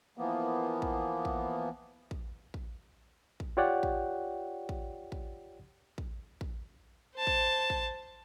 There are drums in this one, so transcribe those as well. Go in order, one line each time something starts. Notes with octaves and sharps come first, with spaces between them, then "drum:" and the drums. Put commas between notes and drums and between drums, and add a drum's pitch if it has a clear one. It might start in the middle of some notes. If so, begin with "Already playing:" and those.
E3 F3 A#3 B3
drum: kick
drum: kick
drum: kick
drum: kick
drum: kick
F4 G4 C#5 D5 F#5 G5
drum: kick
drum: kick
drum: kick
drum: kick
drum: kick
C5 A5
drum: kick
drum: kick